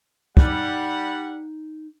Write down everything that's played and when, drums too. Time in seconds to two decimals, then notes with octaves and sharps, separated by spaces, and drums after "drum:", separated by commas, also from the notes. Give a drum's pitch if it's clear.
0.37 G3 D#4 F#5 G#5, drum: kick